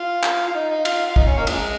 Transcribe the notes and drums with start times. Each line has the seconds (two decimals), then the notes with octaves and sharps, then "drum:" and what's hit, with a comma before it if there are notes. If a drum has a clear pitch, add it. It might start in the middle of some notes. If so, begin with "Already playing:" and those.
Already playing: F4
0.23 drum: clap
0.47 F4
0.55 D#4
0.70 D#4
0.85 F4, drum: cymbal
1.11 F4
1.16 D#4, drum: kick
1.27 C#4
1.37 A#3
1.47 C#3 F3 G#3, drum: cymbal